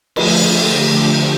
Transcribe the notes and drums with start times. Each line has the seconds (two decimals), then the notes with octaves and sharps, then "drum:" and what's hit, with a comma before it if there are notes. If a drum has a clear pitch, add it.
0.16 D3 F3 A3 G#4, drum: cymbal
0.52 G4